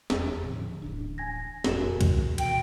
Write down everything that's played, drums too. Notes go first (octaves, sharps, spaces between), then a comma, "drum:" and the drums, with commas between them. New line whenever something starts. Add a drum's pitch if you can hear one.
F1 E2, drum: snare
A2 D3 F3
D1 A1 D4
G#5 G#6 A#6
F1 F#2 A#2 F#4 A#4 E7, drum: snare
drum: kick, cymbal
B2 E3 G5, drum: cymbal